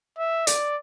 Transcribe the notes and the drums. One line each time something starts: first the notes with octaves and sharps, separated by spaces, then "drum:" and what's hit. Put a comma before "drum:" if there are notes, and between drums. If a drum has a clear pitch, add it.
E5
D5, drum: hi-hat